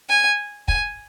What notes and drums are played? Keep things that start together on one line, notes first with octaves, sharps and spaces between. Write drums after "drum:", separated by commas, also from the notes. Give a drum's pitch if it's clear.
G#5
G#5, drum: kick